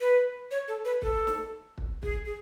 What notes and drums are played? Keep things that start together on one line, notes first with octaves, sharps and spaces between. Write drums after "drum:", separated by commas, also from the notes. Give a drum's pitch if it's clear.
B4
C#5
A4
B4
A4, drum: kick
drum: snare
drum: kick
G#4, drum: kick
G#4